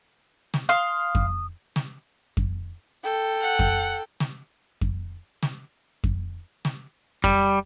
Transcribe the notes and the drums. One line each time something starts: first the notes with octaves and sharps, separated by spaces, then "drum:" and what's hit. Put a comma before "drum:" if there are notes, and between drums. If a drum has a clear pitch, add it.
drum: snare
F5 C6 D#6
drum: kick F2
drum: snare
drum: kick F2
A4 G5
F#5
drum: kick F2
drum: snare
drum: kick F2
drum: snare
drum: kick F2
drum: snare
G3, drum: kick F2